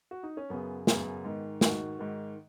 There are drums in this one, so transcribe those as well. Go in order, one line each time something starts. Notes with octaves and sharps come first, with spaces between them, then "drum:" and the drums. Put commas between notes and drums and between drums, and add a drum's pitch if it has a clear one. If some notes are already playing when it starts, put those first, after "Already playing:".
F#4
D#4
C#4
F#2 C#3 B3
F#2 C#3 B3, drum: snare
G#2 D#3
G#2 D#3 F#4, drum: snare
G#2 D#3